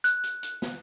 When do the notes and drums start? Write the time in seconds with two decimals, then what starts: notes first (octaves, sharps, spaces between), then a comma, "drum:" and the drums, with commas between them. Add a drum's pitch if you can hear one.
0.04 F#6, drum: hi-hat
0.23 drum: hi-hat
0.43 drum: hi-hat
0.62 drum: snare